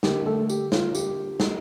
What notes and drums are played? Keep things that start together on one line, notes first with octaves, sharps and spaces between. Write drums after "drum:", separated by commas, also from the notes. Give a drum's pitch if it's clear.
D3 G3 A#3 G4, drum: snare
A3 A4
G4, drum: tambourine
F4, drum: snare
G4, drum: tambourine
drum: snare